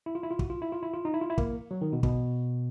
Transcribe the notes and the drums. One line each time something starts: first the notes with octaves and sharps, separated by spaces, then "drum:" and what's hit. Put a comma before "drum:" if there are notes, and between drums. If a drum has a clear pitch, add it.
E4
F4
E4
F4
F#4, drum: kick
F4
E4
F4
E4
F4
D#4
E4
F4
E4
A#3, drum: kick
F#3
D#3
B2
B2, drum: kick